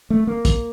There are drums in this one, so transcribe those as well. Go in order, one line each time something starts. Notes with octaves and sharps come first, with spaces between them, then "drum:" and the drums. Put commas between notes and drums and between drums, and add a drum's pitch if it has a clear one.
A3
A#3
drum: kick, hi-hat